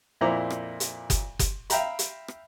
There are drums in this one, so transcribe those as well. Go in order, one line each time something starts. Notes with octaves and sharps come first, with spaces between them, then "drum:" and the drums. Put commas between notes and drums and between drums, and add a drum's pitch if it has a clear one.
F2 A#2 E4 C5 A#5 D6
drum: rim click
drum: hi-hat
drum: kick F#1, hi-hat
drum: kick F#1, hi-hat
E5 F5 G5 A#5 B5, drum: hi-hat
drum: hi-hat
drum: rim click